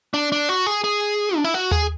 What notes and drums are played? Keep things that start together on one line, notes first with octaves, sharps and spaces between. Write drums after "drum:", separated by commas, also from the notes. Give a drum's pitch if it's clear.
D4
D4
F#4
G#4
G#4
D4
E4
F#4
G#4, drum: tom D#2